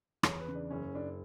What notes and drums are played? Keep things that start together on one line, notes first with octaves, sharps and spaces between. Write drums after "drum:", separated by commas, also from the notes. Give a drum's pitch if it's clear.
E2 C#5, drum: rim click
B4
C#3
D4
F#1 C#4
F#1 D4